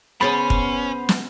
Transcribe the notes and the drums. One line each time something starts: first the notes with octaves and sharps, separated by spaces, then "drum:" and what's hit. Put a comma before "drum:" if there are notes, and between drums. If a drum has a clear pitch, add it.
C#3 B3 C#4 C5 C#5 A5 B5
drum: kick
drum: snare